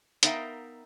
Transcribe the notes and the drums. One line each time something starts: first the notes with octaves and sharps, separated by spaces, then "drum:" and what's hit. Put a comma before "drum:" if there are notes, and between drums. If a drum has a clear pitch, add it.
B3 D#4 A#4 E5 F5 G5, drum: hi-hat